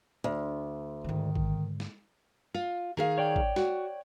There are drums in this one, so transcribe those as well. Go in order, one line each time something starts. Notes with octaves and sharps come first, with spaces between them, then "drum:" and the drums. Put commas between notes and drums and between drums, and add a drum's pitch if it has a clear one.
D2
G#2 D3 D#3
drum: kick A1
drum: snare
F4
D#3 G#4 F5
C#5 D5 G5
drum: kick A1
F#4, drum: snare